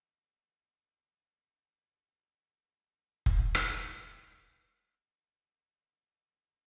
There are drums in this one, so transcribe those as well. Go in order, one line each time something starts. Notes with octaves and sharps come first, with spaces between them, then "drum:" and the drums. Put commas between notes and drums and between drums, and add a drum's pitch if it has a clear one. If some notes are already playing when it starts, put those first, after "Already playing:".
E2
G5
B1 C#4
F#2
A5
drum: kick F1
drum: rim click
D#7
E7
B6
G6
E7
C7
E7
C7